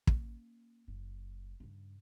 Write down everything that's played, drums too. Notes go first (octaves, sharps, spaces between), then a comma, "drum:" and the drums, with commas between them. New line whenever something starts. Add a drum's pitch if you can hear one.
A#3 C#4, drum: kick
F#1
G2 C#3